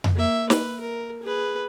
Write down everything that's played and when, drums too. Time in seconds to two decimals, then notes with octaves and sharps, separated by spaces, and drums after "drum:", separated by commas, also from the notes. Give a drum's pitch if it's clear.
0.04 drum: tom F2
0.15 A#3 E5
0.50 B4, drum: snare
0.80 A#4
1.23 G#4 B4